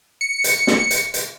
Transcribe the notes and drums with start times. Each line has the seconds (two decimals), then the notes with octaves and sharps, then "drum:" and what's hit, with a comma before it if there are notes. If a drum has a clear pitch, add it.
0.21 C#7
0.44 drum: hi-hat
0.67 drum: snare
0.91 drum: hi-hat
1.14 drum: hi-hat